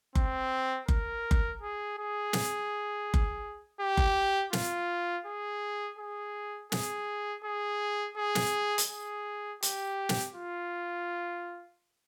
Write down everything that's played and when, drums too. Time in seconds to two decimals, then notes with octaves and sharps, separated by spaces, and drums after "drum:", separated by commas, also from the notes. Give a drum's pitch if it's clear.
0.15 C4, drum: kick F#1
0.88 A#4, drum: kick F#1
1.31 drum: kick F#1
1.62 G#4
1.98 G#4
2.33 drum: snare
3.14 drum: kick F#1
3.80 G4
3.97 drum: kick F#1
4.53 F4, drum: snare
5.26 G#4
5.98 G#4
6.72 G#4, drum: snare
7.44 G#4
8.17 G#4
8.35 drum: snare
8.78 drum: hi-hat
8.90 G#4
9.62 G4, drum: hi-hat
10.09 drum: snare
10.35 F4